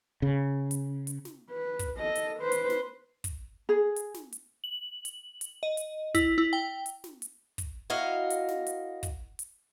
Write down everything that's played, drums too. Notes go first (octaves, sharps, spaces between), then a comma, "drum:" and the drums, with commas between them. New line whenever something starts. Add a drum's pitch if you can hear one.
C#3
drum: hi-hat
drum: hi-hat
drum: snare
B4
drum: kick, hi-hat
A4 D#5
drum: hi-hat
B4 C5
drum: hi-hat
drum: snare
drum: kick, hi-hat
G#4
drum: hi-hat
drum: snare
drum: hi-hat
F#7
drum: hi-hat
drum: hi-hat
D#5
drum: hi-hat
E4, drum: kick, hi-hat
E4
G5
drum: hi-hat
drum: snare
drum: hi-hat
drum: kick, hi-hat
E4 F#4 A#4 D#5 F5
drum: hi-hat
drum: snare
drum: hi-hat
drum: kick, hi-hat
drum: hi-hat